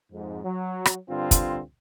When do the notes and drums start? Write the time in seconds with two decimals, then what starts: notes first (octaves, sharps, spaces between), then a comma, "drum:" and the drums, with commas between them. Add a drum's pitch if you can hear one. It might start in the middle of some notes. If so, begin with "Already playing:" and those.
0.11 F2 G#2
0.43 F#3
0.86 drum: rim click
1.08 G2 D3 C4 F4
1.31 drum: kick, hi-hat